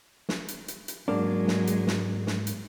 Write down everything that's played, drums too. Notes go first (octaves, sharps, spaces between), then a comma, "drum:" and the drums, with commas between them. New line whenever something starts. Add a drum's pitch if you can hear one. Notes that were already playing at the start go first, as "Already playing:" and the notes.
drum: snare
drum: hi-hat
drum: hi-hat
drum: hi-hat
G#2 F#3 G#3 A#3 D4
drum: snare
drum: hi-hat
drum: snare
drum: snare
drum: hi-hat